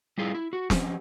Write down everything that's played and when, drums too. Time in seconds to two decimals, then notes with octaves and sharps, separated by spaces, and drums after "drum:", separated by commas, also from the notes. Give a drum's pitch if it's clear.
0.18 G3 E4 F4 G#4
0.35 E4
0.53 F#4
0.70 F3 C#4 G4, drum: snare